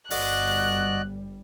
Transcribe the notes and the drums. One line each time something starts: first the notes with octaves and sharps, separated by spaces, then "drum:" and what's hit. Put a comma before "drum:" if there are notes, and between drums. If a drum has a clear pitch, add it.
G1 G3 F#4 D5 D#5 F#6, drum: open hi-hat